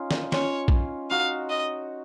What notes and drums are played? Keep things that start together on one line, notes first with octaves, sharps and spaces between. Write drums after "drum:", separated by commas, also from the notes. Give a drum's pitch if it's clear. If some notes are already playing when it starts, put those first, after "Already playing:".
Already playing: C#4 D#4 F4
drum: snare
C#4 F4 C#5, drum: snare
drum: kick
D#4 F#4 F5
D#5